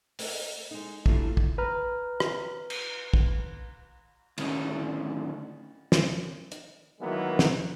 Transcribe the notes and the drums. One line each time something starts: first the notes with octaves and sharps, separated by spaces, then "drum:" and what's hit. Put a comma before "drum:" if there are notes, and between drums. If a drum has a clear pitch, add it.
A3, drum: open hi-hat
G#3 D#4
E3 F#3 G3 A3 D4 F4, drum: kick
drum: kick
B4 A#5 F6
drum: rim click
drum: cymbal
drum: kick
D2 A2 D#3 C#4 D#4, drum: cymbal
drum: snare
drum: hi-hat
D#3 E3 F#3 G#3 A#3 B3
drum: snare